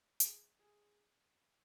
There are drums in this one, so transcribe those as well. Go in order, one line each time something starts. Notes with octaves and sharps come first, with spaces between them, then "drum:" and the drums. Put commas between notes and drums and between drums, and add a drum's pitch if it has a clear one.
G#4, drum: hi-hat
G#4